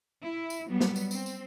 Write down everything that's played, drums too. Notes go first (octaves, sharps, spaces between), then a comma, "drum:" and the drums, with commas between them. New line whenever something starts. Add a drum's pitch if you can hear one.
E4
drum: tambourine
F#3 G3 B3
drum: snare
drum: tambourine
C4, drum: tambourine
drum: tambourine